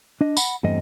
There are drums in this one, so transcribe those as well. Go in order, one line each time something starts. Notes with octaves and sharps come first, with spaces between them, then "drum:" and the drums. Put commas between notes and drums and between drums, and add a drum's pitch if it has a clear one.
D4 D#5
F#5 B5, drum: tambourine
E2 G2 G3 A3 C4 D#5